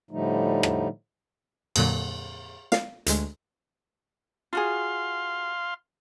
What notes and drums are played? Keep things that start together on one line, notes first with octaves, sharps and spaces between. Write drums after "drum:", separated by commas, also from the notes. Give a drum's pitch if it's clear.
A2 D3 F3 G3 A3 D#4
drum: rim click
F2 A#2 D3 F#3, drum: cymbal
F5 C7, drum: snare
D2 G#3, drum: hi-hat
F4 F#4 G#4 F5 C6